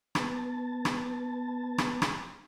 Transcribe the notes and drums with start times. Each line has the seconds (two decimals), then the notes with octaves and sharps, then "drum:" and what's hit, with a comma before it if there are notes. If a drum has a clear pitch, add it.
0.15 B3 A5, drum: rim click
0.85 drum: rim click
1.78 drum: rim click
2.02 drum: rim click